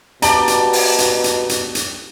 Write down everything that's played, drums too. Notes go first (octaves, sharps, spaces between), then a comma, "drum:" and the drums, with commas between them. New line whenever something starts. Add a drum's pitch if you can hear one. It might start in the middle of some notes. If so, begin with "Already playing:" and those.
B2 G4 D5 A5 A#5, drum: hi-hat
drum: hi-hat
drum: open hi-hat
drum: hi-hat
drum: hi-hat
drum: hi-hat
drum: hi-hat